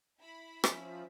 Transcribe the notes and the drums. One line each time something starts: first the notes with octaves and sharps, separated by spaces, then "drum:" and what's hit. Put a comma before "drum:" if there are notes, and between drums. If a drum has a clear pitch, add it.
E4 B5
F3 C#4 E5, drum: rim click